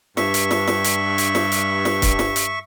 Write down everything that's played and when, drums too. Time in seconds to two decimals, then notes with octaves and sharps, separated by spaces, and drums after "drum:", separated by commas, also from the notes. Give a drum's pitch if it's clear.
0.17 G2 E5 C#6, drum: snare
0.34 drum: hi-hat
0.51 drum: snare
0.68 drum: snare
0.84 drum: hi-hat
1.18 drum: hi-hat
1.35 drum: snare
1.52 drum: hi-hat
1.85 drum: snare
2.02 drum: kick, hi-hat
2.19 drum: snare
2.36 drum: hi-hat